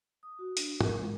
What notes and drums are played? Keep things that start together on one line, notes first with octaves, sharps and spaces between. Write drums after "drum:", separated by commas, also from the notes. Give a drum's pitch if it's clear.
D#6
F#4
D4, drum: hi-hat
A#4, drum: tom
G#3